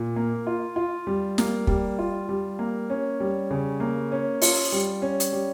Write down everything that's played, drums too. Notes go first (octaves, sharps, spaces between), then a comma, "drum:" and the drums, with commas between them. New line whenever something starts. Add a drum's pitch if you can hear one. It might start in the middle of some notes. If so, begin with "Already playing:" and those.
Already playing: A#2
A#3
F4
F4
G3
A#3, drum: snare
G3, drum: kick
F4
G3
A#3
C#4
G3
C#3
A#3
C#4
F4, drum: open hi-hat
G3
C#4
drum: hi-hat
G3